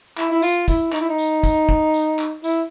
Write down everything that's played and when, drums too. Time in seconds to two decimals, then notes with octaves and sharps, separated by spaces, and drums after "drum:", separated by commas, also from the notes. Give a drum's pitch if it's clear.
0.18 E4, drum: clap
0.31 E4
0.42 F4, drum: tambourine
0.68 E4, drum: kick, tambourine
0.92 D#4, drum: clap
1.01 E4
1.09 D#4
1.18 drum: tambourine
1.43 drum: kick, tambourine
1.69 drum: kick
1.94 drum: tambourine
2.19 drum: clap
2.44 E4, drum: tambourine